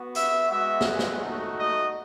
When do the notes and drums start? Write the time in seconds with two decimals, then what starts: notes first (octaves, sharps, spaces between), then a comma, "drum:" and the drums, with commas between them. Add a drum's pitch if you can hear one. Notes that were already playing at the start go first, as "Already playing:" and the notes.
Already playing: B3 F#4
0.15 E5, drum: hi-hat
0.49 G#3 B3 F#4 E5
0.81 drum: snare
0.99 drum: snare
1.20 A3 D#4 F#4
1.56 D#5